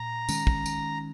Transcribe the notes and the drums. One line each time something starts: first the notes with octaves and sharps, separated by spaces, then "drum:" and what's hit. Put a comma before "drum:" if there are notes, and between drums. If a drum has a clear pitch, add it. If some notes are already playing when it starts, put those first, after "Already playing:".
Already playing: A#2 A#5
D#3 G#3 C#4, drum: tambourine
drum: kick
drum: tambourine